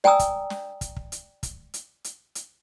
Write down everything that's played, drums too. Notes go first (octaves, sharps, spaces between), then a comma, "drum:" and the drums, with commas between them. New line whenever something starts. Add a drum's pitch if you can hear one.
D5 G5 G#5 A#5 D#6 E6, drum: snare
drum: kick, hi-hat
drum: snare
drum: kick, hi-hat
drum: kick
drum: hi-hat
drum: kick, hi-hat
drum: hi-hat
drum: hi-hat
drum: hi-hat